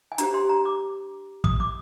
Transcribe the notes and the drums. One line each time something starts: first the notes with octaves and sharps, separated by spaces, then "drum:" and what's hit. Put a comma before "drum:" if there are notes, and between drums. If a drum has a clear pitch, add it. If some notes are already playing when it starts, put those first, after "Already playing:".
G#5
D4 G4 C5 A#5, drum: hi-hat
C6
A#5
D6
D#6, drum: kick
D6